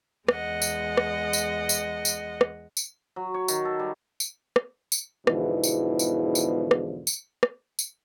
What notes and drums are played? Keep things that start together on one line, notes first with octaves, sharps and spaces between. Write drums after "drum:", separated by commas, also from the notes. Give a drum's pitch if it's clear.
E2 G#3 D#5 F#5, drum: rim click
drum: tambourine
drum: rim click
drum: tambourine
drum: tambourine
drum: tambourine
drum: rim click
drum: tambourine
F#3
C#5
D#3, drum: tambourine
A4
G3
drum: tambourine
drum: rim click
drum: tambourine
E2 G#2 B2 D3 E3 F3, drum: rim click
drum: tambourine
drum: tambourine
drum: tambourine
drum: rim click
drum: tambourine
drum: rim click
drum: tambourine